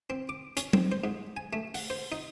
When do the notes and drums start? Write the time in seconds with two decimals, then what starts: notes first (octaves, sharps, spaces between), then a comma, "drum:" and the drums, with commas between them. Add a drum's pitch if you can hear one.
0.10 C4
0.29 D6
0.57 C#4, drum: hi-hat
0.73 C4, drum: tom F#3
0.92 C5
1.04 G#2
1.37 G#5
1.53 A3
1.74 F#5, drum: open hi-hat
1.90 C5
2.12 D#4